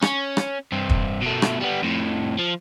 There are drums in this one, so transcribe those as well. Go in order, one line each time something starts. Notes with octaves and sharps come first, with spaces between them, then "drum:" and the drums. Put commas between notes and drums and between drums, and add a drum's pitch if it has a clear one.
C#4, drum: rim click
drum: rim click
G2 C4
drum: kick
B2 A3
drum: rim click
G3 B3
F2 A2
F3